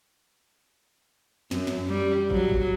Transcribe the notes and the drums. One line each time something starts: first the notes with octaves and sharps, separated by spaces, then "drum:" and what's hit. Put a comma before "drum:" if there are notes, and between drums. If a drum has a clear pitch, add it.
F#2, drum: snare
drum: snare
G3
F#3, drum: kick
drum: kick